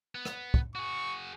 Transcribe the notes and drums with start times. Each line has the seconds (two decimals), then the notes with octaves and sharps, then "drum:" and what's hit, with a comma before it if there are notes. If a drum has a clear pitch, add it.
0.15 B3
0.25 drum: rim click
0.54 drum: kick
0.75 F#4 G#4 C#6